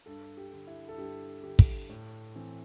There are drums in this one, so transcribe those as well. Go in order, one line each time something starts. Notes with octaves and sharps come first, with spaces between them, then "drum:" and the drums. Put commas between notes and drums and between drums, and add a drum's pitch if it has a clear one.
G2 A4
G4
D3
E4
A4
G2 G4
D3 G4
drum: kick
A2
E3 C4